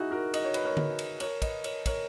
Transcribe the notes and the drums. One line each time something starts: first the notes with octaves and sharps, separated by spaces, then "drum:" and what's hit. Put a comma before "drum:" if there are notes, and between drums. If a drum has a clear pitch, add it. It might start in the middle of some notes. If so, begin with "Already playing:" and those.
Already playing: D#4 E4 F#4 G#4
F#4 A#4
D#5, drum: cymbal
C#5
B4, drum: cymbal
A#4 C#5
drum: tom D3
drum: cymbal
A#4 C#5, drum: cymbal
B4 D#5, drum: kick, cymbal
A#4 C#5, drum: cymbal
A#4 C#5, drum: kick, cymbal